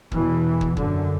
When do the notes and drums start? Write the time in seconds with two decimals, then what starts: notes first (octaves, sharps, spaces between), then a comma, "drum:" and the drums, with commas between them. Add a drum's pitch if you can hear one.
0.12 E2 B2 E3, drum: kick
0.61 drum: kick
0.77 F#2 D3, drum: kick